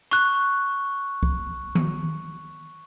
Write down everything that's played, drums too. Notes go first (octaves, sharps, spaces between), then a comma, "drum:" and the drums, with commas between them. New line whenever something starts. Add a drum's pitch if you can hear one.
C#6 F#6, drum: hi-hat
drum: kick
drum: tom D#3